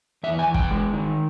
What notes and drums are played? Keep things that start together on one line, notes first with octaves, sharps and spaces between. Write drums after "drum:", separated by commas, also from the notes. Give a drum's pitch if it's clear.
E2 E5
G#5
E2
G5, drum: kick
G#3
D#3